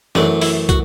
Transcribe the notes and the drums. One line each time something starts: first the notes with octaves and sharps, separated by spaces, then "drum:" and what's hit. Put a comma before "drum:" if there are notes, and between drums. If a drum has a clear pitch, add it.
F#2 E3 A3 D4, drum: snare
E4, drum: open hi-hat
F#4, drum: kick, hi-hat